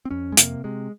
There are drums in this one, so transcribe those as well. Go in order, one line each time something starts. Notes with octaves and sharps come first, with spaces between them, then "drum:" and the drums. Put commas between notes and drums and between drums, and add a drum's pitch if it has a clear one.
C4
F2 C#4
G#3
C3 A#3, drum: hi-hat
C3 G#3